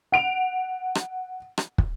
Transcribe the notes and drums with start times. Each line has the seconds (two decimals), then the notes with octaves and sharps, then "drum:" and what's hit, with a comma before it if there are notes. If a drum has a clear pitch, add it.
0.12 F#5 D7 F7
0.95 drum: rim click
1.58 drum: rim click
1.78 drum: kick